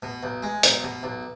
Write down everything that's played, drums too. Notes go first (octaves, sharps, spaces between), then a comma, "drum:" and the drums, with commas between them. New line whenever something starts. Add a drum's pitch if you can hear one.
B2
B1
G#3
B1, drum: hi-hat
B2
B1